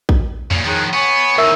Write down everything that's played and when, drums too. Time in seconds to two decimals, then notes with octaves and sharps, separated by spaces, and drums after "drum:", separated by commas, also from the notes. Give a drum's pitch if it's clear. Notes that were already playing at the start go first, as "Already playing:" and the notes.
0.09 drum: kick A#1
0.51 A#2 C#3, drum: tom E2
0.65 D#3 F3 G#4 C#5 F#6
0.93 B3 C#5 G#5 C#6
1.38 E2 D#3 A#4 E5 E6